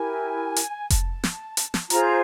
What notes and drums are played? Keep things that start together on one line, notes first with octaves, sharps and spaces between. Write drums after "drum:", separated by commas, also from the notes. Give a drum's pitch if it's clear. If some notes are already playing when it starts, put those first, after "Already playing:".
Already playing: E4 G4 A#4 G#5
drum: hi-hat
A5, drum: kick F1, hi-hat
drum: snare
drum: hi-hat
drum: snare
F4 G#4 C5 A#5, drum: hi-hat